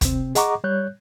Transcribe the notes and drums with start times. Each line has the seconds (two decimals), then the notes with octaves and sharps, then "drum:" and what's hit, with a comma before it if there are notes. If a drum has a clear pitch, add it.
0.01 C3 C4, drum: kick, hi-hat
0.35 G#4 D#5 F#5 A#5 C#6 D6, drum: hi-hat
0.64 G3 C#5 F#6 G6